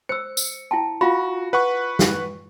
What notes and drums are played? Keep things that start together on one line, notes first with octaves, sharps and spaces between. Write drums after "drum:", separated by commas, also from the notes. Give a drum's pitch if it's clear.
C5 E6 C#7
drum: tambourine
E4 G5 A5
F4 F#4 F5 B5
B4 F#5 C#6
drum: snare